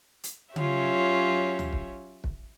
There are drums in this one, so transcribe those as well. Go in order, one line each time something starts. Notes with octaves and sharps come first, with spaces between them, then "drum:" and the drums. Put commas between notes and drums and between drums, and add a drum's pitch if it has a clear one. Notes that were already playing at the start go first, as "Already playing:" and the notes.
drum: hi-hat
F#3 C#4 F4 G4 C#5 E5, drum: tom C#3
drum: tom D2
drum: kick
drum: kick